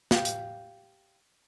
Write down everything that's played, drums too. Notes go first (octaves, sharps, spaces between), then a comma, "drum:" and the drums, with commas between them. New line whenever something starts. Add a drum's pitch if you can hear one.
G4 F5, drum: snare
drum: hi-hat